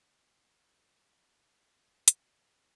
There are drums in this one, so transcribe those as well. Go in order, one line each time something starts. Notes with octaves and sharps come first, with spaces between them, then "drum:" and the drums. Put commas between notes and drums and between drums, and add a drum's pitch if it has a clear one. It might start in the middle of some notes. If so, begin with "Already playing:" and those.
G4 G#4
F#2 B3 C6 D6 G#6
D#5 F#5, drum: hi-hat